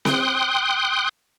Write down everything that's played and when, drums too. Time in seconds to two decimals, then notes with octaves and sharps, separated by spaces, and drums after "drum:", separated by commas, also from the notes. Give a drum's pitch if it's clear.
0.05 G5 C6 D#6 F#6, drum: snare C4